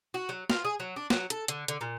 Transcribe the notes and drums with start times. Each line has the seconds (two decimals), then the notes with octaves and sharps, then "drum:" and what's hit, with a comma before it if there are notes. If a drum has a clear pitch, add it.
0.14 F#4
0.29 F#3
0.50 F4, drum: snare
0.64 G#4
0.80 F#3
0.96 D4
1.10 F#3, drum: snare
1.30 A4, drum: hi-hat
1.48 D3, drum: hi-hat
1.68 D3, drum: hi-hat
1.81 A#2